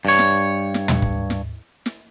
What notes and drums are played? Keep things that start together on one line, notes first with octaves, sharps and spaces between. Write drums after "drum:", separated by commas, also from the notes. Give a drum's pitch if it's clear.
G2 C#5
drum: snare
drum: snare
drum: tom
drum: kick
drum: snare
drum: snare